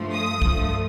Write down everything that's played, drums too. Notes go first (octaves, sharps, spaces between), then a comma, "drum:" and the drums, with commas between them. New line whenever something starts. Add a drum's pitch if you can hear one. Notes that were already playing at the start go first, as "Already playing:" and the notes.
Already playing: G2 F3 A3
D#6
G2 F3 A3, drum: kick